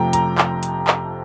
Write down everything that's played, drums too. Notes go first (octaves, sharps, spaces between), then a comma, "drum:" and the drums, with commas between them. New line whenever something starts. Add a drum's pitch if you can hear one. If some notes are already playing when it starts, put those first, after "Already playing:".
Already playing: F2 C3 F3 A3 G5 A#5
A#5, drum: hi-hat
drum: clap
drum: hi-hat
drum: clap